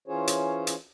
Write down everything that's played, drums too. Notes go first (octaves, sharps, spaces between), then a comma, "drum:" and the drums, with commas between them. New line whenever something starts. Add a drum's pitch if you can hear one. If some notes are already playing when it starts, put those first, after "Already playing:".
E3 C#4 F4 G#4 C5 C#5
drum: hi-hat
drum: hi-hat